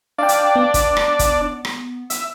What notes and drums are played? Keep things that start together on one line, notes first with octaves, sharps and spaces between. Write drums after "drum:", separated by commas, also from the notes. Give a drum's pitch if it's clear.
D4 D5 F5 G5
drum: hi-hat
B3
drum: kick, hi-hat
drum: rim click
drum: kick, hi-hat
drum: rim click
E5, drum: hi-hat